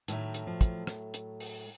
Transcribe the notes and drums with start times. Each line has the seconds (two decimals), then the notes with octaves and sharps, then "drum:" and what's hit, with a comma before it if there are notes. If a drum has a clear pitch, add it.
0.08 A2 D#3 F#3 A3, drum: hi-hat
0.34 drum: hi-hat
0.47 F3
0.61 drum: kick, hi-hat
0.87 drum: rim click
1.14 drum: hi-hat
1.40 drum: open hi-hat